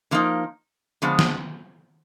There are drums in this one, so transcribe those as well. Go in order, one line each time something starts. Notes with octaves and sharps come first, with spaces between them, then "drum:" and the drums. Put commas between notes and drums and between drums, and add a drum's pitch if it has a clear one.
D3 F3 A#3 D#4
D3 F3 G#3 B3
drum: snare